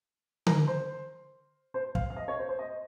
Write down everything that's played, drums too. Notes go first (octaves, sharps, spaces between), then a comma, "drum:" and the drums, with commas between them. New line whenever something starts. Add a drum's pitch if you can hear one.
A#4, drum: tom D3
C5
C5
F5, drum: kick
F5
D#5
C#5
C5
C5
D#5